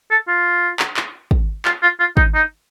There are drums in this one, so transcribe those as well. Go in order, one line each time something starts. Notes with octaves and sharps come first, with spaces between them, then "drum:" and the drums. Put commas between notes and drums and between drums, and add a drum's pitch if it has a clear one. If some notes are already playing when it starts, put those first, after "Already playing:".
A4
F4
drum: clap
drum: clap
drum: kick
F4, drum: clap
F4
F4
D#4, drum: kick
D#4